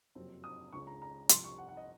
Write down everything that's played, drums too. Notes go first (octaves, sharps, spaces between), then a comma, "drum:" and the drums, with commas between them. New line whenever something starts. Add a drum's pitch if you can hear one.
F#1 F2 C3 F#3 C4
D#6
C#2 C#3 G#3 C#6
A#5
A#5
C2 C3 F3 C6, drum: hi-hat
C#6
F#5
F#5
D#5